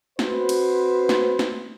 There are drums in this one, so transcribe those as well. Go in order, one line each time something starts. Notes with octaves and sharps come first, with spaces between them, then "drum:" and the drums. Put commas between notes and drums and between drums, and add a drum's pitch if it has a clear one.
C4 F#4 B4 C5, drum: snare
drum: cymbal
drum: snare
drum: snare